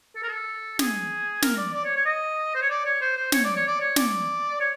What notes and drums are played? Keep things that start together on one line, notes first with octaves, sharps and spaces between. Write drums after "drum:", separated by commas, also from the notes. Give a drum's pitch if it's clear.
A4
A#4
A4
G#4, drum: snare
A#4, drum: snare
D5
D5
C#5
C#5
D#5
C5
C#5
D5
C#5
C5
C5
C#5, drum: snare
D5
C#5
D5
C#5
D5, drum: snare
C#5